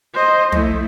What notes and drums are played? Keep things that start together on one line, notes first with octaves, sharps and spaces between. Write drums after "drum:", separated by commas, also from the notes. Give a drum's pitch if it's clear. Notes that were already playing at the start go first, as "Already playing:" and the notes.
C5 D#5
A3 E4, drum: tom